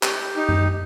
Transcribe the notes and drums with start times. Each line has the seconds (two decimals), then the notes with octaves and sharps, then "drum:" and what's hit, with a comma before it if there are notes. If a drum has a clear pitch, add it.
0.03 G4, drum: clap
0.37 D#4
0.49 drum: tom F#2